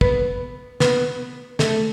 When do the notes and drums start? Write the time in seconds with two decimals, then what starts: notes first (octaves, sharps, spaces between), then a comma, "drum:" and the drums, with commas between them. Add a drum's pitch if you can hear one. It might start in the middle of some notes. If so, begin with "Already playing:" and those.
0.01 B3, drum: kick
0.80 B3, drum: snare
1.59 A3, drum: snare